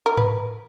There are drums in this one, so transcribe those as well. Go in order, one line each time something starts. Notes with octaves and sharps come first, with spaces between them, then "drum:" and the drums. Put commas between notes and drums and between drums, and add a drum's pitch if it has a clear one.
A#4
B4, drum: tom G#2